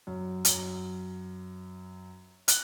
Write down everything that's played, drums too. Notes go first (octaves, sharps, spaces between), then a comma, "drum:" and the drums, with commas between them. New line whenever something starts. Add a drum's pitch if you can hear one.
F#2
F#2, drum: hi-hat
F#6, drum: hi-hat